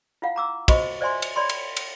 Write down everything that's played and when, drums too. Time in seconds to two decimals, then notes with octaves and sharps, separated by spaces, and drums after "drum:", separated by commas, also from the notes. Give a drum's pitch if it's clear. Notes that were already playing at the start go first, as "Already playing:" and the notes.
0.22 E4 F4 F5 F#5
0.36 A#5 D6 E6
0.68 F4 F#4 C5 D#5 C#6, drum: kick, cymbal
1.01 C5 D5 E5 G#5 C6
1.22 drum: cymbal
1.36 C#5 D5 B5 C6
1.49 drum: cymbal
1.76 drum: cymbal